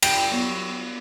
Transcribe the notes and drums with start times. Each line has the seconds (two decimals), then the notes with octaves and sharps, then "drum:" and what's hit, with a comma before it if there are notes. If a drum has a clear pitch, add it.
0.03 G2 G5, drum: cymbal
0.31 F#3 B3